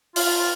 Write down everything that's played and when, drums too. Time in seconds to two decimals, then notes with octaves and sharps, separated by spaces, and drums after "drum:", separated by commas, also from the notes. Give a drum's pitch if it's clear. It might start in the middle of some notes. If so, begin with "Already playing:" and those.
0.16 F4, drum: open hi-hat